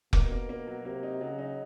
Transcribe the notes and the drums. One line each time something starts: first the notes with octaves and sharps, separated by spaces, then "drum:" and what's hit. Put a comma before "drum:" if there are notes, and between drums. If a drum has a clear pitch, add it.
B2 A#3, drum: kick F1
A#3
A#3
F#3
C3 A#3
D#4
C#3 F#3
D#4